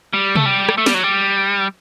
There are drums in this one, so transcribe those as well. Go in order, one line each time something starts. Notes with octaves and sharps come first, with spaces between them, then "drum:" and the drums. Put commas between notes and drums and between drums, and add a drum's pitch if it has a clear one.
G3
A3, drum: tom C3
G3
drum: rim click
A3
G3, drum: snare
F#3
G3